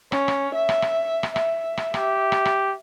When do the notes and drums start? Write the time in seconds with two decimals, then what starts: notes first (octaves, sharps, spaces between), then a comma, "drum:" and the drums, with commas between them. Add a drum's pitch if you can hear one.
0.12 C#4, drum: rim click
0.28 drum: rim click
0.55 E5
0.69 drum: rim click
0.82 drum: rim click
1.23 drum: rim click
1.36 E5, drum: rim click
1.77 drum: rim click
1.94 G4, drum: rim click
2.32 drum: rim click
2.45 drum: rim click